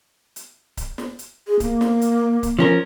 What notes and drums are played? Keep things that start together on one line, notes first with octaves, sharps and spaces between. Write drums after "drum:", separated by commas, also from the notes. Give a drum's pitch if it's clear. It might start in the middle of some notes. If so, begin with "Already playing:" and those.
drum: hi-hat
drum: kick C#1, hi-hat
drum: snare
drum: hi-hat
G#4
A#3, drum: kick C#1, hi-hat
drum: snare
drum: hi-hat
drum: kick C#1, hi-hat
F3 C#4 A#4